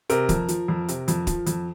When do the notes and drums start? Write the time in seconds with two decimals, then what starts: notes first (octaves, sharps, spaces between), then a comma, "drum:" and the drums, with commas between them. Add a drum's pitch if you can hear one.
0.09 C3 A#4, drum: hi-hat
0.29 F2, drum: kick D1, hi-hat
0.48 F3, drum: hi-hat
0.68 F2
0.88 C3, drum: hi-hat
1.08 F2, drum: hi-hat
1.27 F3, drum: kick D1, hi-hat
1.46 F2, drum: hi-hat